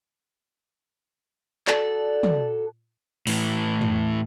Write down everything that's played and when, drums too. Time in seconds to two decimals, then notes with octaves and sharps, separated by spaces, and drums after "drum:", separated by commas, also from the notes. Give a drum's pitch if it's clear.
1.68 F#4 A4 D5, drum: clap
2.23 drum: tom
3.27 A2 E3, drum: open hi-hat
3.81 drum: tom